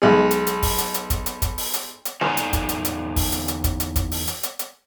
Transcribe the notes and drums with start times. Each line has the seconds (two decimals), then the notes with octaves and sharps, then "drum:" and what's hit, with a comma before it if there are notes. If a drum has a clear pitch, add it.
0.02 B1 G#3
0.31 drum: hi-hat
0.47 drum: hi-hat
0.62 drum: kick, open hi-hat
0.78 drum: hi-hat
0.94 drum: hi-hat
1.10 drum: kick, hi-hat
1.26 drum: hi-hat
1.42 drum: kick, hi-hat
1.58 drum: open hi-hat
1.74 drum: hi-hat
2.05 drum: hi-hat
2.21 E2 D#4 A4 D5 G#5 A#5, drum: snare
2.37 drum: hi-hat
2.53 drum: kick, hi-hat
2.69 drum: hi-hat
2.85 drum: hi-hat
3.16 drum: kick, open hi-hat
3.32 drum: hi-hat
3.48 drum: hi-hat
3.64 drum: kick, hi-hat
3.80 drum: hi-hat
3.96 drum: kick, hi-hat
4.12 drum: open hi-hat
4.27 drum: hi-hat
4.43 drum: hi-hat
4.59 drum: hi-hat